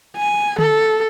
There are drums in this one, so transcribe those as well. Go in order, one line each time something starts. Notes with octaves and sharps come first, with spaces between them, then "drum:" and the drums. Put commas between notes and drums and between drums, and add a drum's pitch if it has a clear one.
G#5
A4, drum: tom D3